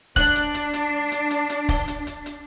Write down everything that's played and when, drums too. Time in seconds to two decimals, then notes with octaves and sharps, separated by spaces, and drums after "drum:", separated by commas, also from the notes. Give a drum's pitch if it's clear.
0.16 D4 F#6, drum: kick, open hi-hat
0.35 drum: hi-hat
0.54 drum: hi-hat
0.73 drum: hi-hat
1.11 drum: hi-hat
1.31 drum: hi-hat
1.50 drum: hi-hat
1.69 drum: kick, open hi-hat
1.88 drum: hi-hat
2.07 drum: hi-hat
2.26 drum: hi-hat